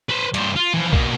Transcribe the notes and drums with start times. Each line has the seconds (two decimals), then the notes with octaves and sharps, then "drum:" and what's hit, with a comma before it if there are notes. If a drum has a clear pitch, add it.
0.10 B4 C5
0.34 G2 C5, drum: hi-hat
0.56 F4
0.74 E3 F3
0.93 B2 A#3, drum: kick B1